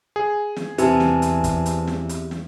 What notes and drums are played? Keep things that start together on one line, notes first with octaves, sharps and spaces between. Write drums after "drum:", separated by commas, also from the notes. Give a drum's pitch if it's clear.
G#4
drum: snare
E2 C3 B4 G#5 A5, drum: hi-hat
drum: snare
drum: hi-hat
drum: kick, hi-hat
drum: hi-hat
drum: snare
drum: hi-hat
drum: snare